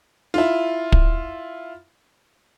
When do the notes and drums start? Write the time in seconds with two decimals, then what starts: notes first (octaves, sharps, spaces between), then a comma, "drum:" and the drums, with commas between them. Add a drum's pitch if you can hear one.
0.34 E4 F4
0.92 drum: kick